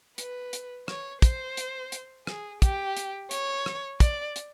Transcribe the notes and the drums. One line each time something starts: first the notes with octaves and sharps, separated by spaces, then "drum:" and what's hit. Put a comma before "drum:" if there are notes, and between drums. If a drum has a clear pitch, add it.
B4, drum: hi-hat
drum: hi-hat
C#5, drum: rim click
C5, drum: kick, hi-hat
drum: hi-hat
drum: hi-hat
G#4, drum: rim click
G4, drum: kick, hi-hat
drum: hi-hat
C#5, drum: hi-hat
drum: rim click
D5, drum: kick, hi-hat
drum: hi-hat